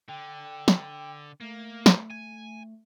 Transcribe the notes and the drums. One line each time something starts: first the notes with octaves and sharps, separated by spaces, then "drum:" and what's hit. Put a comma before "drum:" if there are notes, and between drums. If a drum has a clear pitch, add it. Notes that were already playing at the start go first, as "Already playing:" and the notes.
D3 G5
drum: snare
A3 A#3
drum: snare
G#5